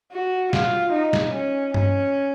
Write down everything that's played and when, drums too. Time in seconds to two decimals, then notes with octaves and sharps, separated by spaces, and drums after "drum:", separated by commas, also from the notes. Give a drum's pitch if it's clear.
0.12 F#4
0.53 F4, drum: snare
0.93 D#4
1.13 drum: snare
1.33 C#4
1.74 C#4, drum: tom G2